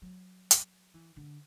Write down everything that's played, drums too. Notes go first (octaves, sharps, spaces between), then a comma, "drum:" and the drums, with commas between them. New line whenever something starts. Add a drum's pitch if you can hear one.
F#3
drum: hi-hat
E3
D3